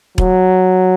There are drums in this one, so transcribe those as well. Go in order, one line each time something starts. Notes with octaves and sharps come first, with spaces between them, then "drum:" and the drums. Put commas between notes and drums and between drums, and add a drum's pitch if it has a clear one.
F#3, drum: kick E1